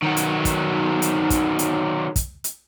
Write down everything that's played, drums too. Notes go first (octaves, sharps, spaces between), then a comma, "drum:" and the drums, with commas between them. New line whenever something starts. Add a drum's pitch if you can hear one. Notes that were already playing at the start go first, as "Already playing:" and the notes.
D#3 F#3
drum: hi-hat
drum: kick, hi-hat
drum: hi-hat
drum: kick, hi-hat
drum: hi-hat
drum: kick, hi-hat
drum: hi-hat